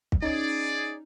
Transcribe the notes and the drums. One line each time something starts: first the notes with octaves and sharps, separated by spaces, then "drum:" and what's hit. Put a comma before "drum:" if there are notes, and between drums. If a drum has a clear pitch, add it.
drum: kick
C#4 D#4 G#4 D5